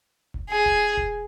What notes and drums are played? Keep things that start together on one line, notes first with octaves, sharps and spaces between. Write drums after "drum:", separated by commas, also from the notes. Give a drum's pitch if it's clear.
drum: kick E1
G#4
drum: kick E1
drum: kick E1